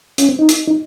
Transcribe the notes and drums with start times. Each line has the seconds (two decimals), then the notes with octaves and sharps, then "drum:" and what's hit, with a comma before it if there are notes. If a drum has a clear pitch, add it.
0.18 C#4, drum: hi-hat
0.29 C4
0.39 D#4
0.49 drum: hi-hat
0.67 D#4